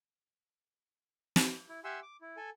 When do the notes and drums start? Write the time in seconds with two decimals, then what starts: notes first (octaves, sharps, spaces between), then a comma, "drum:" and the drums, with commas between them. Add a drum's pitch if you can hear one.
1.36 drum: snare
1.69 E4
1.84 G4 E5 F#5 G#5 C6 E6
2.02 D6
2.21 E4
2.37 A4 G#5